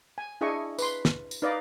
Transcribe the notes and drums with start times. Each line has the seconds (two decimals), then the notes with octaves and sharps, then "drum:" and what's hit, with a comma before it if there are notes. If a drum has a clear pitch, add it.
0.18 G#5
0.41 D4 E4 G#4 D#5 G#5 C#6
0.79 B4 C6, drum: tambourine
1.05 drum: snare
1.31 drum: tambourine
1.42 D#4 B4 D5 D#5 F5